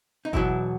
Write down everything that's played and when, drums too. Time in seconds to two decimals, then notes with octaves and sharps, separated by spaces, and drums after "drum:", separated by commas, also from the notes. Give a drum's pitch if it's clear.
0.25 D#4
0.33 E2 B2 F#3 E4, drum: kick G1